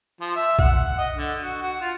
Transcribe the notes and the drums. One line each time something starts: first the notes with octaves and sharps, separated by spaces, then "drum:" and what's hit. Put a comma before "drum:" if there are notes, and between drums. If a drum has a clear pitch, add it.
F3
E5
F#5, drum: kick B1
D#5
D3
F#4
F#4
F4